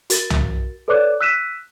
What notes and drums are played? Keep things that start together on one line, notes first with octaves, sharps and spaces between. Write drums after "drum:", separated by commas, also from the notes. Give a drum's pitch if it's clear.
F#4 A#4 A6, drum: hi-hat
drum: tom C2
A4 B4 C#5 D5 D6 F#6
E6 F#6 B6 D#7 E7